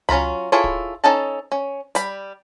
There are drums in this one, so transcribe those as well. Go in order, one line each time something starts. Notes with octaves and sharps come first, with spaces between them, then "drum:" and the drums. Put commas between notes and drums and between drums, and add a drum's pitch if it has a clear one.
F#3 C#4 F4 A#5 B5, drum: tom C#2
E4 F4 G#4 A4 C#5
drum: kick
C#4 D#4 A4 A5
C#4
G3 B5, drum: hi-hat